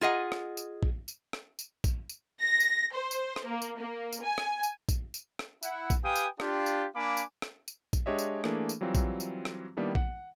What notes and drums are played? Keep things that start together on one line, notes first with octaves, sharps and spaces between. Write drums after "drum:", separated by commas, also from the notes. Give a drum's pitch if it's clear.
F4 G#4 D#5 F#5
drum: rim click
drum: tambourine
drum: kick A#1
drum: tambourine
drum: rim click
drum: tambourine
drum: kick A#1, tambourine
drum: tambourine
A#6
drum: tambourine
C5
drum: tambourine
drum: rim click
A#3
drum: tambourine
A#3
drum: tambourine
G#5
drum: rim click
drum: tambourine
drum: kick A#1, tambourine
drum: tambourine
drum: rim click
E4 F#5, drum: tambourine
drum: kick A#1, tambourine
G4 B4 F5 G5 G#5 D#6
drum: tambourine
D4 F4 G4, drum: rim click
drum: tambourine
A#3 D4 F5 G#5 B5 D6
drum: tambourine
drum: rim click
drum: tambourine
drum: kick A#1, tambourine
G#3 D4 G4 C#5 D#5 E5
drum: tambourine
E3 A3 A#3 D4 G#4, drum: rim click
drum: tambourine
E3 F#3 G3 C4 F4
drum: kick A#1, tambourine
drum: tambourine
drum: rim click
D#3 G3 A#3 B3 D4 E4
F#5, drum: kick A#1